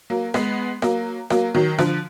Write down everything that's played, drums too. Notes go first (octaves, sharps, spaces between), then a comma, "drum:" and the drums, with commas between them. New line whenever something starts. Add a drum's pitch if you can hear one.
F#3 A#3
G#3 B3, drum: rim click
F#3 A#3, drum: rim click
F#3 A#3, drum: rim click
D#3 F#3
D3 F3, drum: rim click